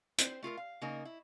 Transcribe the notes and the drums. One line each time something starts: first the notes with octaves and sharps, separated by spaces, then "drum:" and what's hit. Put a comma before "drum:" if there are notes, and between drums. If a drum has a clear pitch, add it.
C4 C5, drum: hi-hat
A3 F4 A4 A#4
F5
C#3 A#3 D#4 A#4
E4